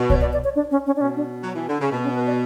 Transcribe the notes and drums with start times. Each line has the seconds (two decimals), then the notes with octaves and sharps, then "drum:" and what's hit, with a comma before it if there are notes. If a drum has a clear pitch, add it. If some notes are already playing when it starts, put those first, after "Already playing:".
Already playing: B2
0.10 C#5, drum: kick C2
0.21 D5
0.33 D5
0.44 C#5
0.56 D4
0.71 C#4
0.86 C#4
0.96 D4
1.01 B2 C#4
1.16 D4
1.43 F#3
1.55 E3
1.68 D3
1.80 C#3
1.92 B2 B3
2.04 C#4
2.15 B4
2.26 D5